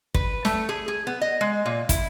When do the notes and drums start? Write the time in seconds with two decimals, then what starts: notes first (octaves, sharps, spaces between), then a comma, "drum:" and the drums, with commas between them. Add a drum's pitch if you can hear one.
0.14 B4, drum: kick
0.45 A3, drum: snare
0.69 G#4
0.88 G#4
1.07 B3
1.21 D#5
1.41 G#3
1.66 A#2
1.89 E4, drum: kick, hi-hat